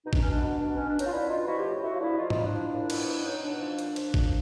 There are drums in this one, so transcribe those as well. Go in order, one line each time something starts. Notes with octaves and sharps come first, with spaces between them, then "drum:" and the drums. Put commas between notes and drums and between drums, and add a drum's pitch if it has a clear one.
B2 D#4
D4, drum: kick
B2 C#4
D4
B2
B2
B2 C#4
D4
B2
C#4 D#4, drum: hi-hat
F4
B2 D4 E4
B2 D#4 F4
F3 E4 F#4
F4 G4
A2
A2 E4 F#4
F4
F3 D4 E4
F3 D#4 F4
D#4 F4, drum: tom G#2
F3
D4 E4
F3
A#2
B2, drum: cymbal
B2
B2 C#4 D#4
B2 D4
F3
A#2, drum: hi-hat
F3, drum: cymbal
A#2, drum: kick